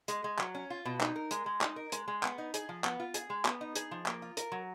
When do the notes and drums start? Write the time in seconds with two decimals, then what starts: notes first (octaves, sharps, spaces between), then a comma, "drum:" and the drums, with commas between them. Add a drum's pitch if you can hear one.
0.08 G#3, drum: hi-hat
0.24 G#3
0.39 F#3, drum: clap
0.55 C#4
0.70 F4
0.85 B2
1.01 D#4, drum: clap
1.16 A#4
1.31 G#3, drum: hi-hat
1.46 G#3
1.61 D#4, drum: clap
1.76 A#4
1.92 G#3, drum: hi-hat
2.08 G#3
2.23 B3, drum: clap
2.38 D#4
2.54 G#4, drum: hi-hat
2.69 F3
2.84 B3, drum: clap
3.00 F4
3.14 G#4, drum: hi-hat
3.30 G#3
3.45 B3, drum: clap
3.61 D#4
3.76 G#4, drum: hi-hat
3.91 F3
4.06 A#3, drum: clap
4.22 F4
4.37 A#4, drum: hi-hat
4.52 F#3